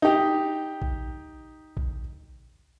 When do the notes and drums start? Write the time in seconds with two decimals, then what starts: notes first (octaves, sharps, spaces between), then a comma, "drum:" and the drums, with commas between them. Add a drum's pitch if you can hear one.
0.02 D#4 G4
0.82 drum: kick A#1
1.77 drum: kick A#1